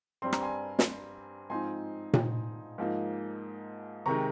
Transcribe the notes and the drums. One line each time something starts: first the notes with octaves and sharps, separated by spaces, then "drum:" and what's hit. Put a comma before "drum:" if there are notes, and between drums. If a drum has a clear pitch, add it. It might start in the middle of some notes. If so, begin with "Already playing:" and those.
G2 G3 C4 C6
A#5, drum: rim click
G#5 C6
drum: snare
G#2 F3 C4 D#4 G#5 C6
drum: tom A#2
G#2 F3 A#3 D#4
C3 D#3 G#3 D#4 A#5 C#6